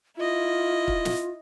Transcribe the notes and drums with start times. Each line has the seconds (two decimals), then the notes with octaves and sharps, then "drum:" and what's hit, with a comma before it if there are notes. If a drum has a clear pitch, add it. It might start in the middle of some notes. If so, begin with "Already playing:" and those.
0.17 E4 F4 D#5
0.88 drum: kick
1.05 drum: snare